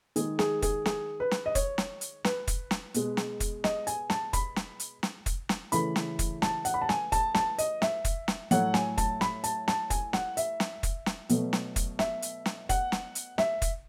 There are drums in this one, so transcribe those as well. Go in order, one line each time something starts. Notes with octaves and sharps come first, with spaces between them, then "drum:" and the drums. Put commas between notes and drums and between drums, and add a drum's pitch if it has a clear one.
D#3 G#3 G#4, drum: hi-hat
G#4, drum: snare
G#4, drum: kick, hi-hat
G#4, drum: snare
B4
drum: snare
D#5
C#5, drum: kick, hi-hat
drum: snare
drum: hi-hat
B4, drum: snare
drum: kick, hi-hat
drum: snare
B2 G#3, drum: hi-hat
drum: snare
drum: kick, hi-hat
D#5, drum: snare
G#5, drum: hi-hat
A5, drum: snare
B5, drum: kick, hi-hat
drum: snare
drum: hi-hat
drum: snare
drum: kick, hi-hat
drum: snare
C#3 E3 A3 B5, drum: hi-hat
drum: snare
drum: kick, hi-hat
A5, drum: snare
F#5, drum: hi-hat
B5
A5
G#5, drum: snare
A5, drum: kick, hi-hat
A5, drum: snare
D#5, drum: hi-hat
E5, drum: snare
drum: kick, hi-hat
drum: snare
A2 F#3 A3 F#5, drum: hi-hat
G#5, drum: snare
A5, drum: kick, hi-hat
B5, drum: snare
A5, drum: hi-hat
A5, drum: snare
G#5, drum: kick, hi-hat
F#5, drum: snare
E5, drum: hi-hat
drum: snare
drum: kick, hi-hat
drum: snare
B2 F#3 A3, drum: hi-hat
drum: snare
drum: kick, hi-hat
E5, drum: snare
drum: hi-hat
drum: snare
F#5, drum: kick, hi-hat
drum: snare
drum: hi-hat
E5, drum: snare
drum: kick, hi-hat